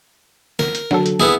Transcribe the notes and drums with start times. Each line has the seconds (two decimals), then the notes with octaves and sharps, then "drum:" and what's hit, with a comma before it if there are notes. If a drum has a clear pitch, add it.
0.59 A#4, drum: snare
0.75 drum: hi-hat
0.91 D3 F#3 A4, drum: snare
1.06 drum: hi-hat
1.20 B3 E4 G#4, drum: snare